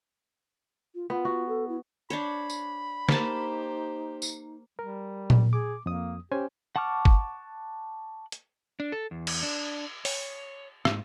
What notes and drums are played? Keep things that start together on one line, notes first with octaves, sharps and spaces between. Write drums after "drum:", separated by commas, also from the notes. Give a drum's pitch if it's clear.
F4
B3 F4
F#4
A4
E4
D4 C5 C#5 B5
drum: tambourine
A#3 D#4 G4 C5 A5, drum: snare
drum: tambourine
G3 A#4
drum: tom A#2
G#4 D6
F2 A#3 D#6
C#4 G4 C5 G#5
F#5 A5 C#6 D6 F6
drum: kick G1
drum: hi-hat
D4
A4
E2
drum: cymbal
D4
C#5, drum: open hi-hat
G#2, drum: rim click